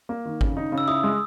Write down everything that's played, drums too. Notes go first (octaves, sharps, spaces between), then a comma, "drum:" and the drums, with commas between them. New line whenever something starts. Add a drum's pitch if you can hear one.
A#3
D#3
C#3, drum: kick
D#4
C#3
E6
E4 D#6
G#3